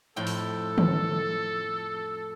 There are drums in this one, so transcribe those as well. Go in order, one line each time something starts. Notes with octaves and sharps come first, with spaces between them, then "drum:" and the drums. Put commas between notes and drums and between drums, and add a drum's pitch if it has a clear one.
F2 A2 A4 G5
drum: open hi-hat
drum: tom